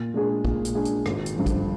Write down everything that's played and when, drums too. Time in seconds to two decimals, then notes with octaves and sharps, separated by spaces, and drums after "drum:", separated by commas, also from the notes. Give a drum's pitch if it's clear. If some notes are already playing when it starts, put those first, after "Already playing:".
Already playing: A#2
0.14 G#3 D4 G#4
0.45 A#2, drum: kick
0.65 drum: hi-hat
0.75 G#3 D4 G#4
0.85 drum: hi-hat
1.06 G#1, drum: rim click
1.26 drum: hi-hat
1.36 G2 D3 F3
1.46 drum: kick, hi-hat